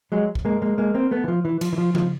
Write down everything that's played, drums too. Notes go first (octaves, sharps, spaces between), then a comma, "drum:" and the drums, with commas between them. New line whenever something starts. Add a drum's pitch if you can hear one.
F#3 G#3
drum: kick
G#3 A#3
G#3 A#3
G#3 A#3
A#3 C4
A3 B3
E3
F3
E3
F3, drum: cymbal
E3
F3
F3, drum: tom C#3